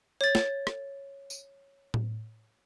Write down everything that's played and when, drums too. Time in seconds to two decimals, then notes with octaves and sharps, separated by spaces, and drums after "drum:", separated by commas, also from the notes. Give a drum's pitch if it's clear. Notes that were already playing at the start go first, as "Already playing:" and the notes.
0.21 C#5 A6
0.35 drum: snare
0.67 drum: rim click
1.30 drum: tambourine
1.94 drum: tom A2